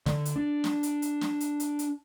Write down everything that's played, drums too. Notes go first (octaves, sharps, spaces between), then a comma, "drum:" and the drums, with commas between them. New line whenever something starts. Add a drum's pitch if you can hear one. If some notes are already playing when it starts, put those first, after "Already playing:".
D3, drum: snare
drum: hi-hat
D4
drum: snare
drum: hi-hat
drum: hi-hat
drum: snare
drum: hi-hat
drum: hi-hat
drum: hi-hat